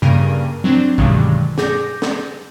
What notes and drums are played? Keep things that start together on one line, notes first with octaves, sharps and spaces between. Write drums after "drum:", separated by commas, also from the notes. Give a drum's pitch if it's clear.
G2 C#3 A#3 A#4 D#7
F#3 C4 D4
G2 B2 D3 D#3 F#3 G#3, drum: kick
G#4 D6 G6 A#6, drum: snare
drum: snare